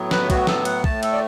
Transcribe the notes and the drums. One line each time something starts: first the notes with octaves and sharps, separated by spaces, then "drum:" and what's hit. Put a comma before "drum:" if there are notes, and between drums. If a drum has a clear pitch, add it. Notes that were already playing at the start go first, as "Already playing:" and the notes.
Already playing: A2 F#3 B3
B4, drum: snare
F#4, drum: kick, cymbal
A4, drum: snare
F#5, drum: cymbal
A2 A3 A5, drum: kick
A4, drum: cymbal
D5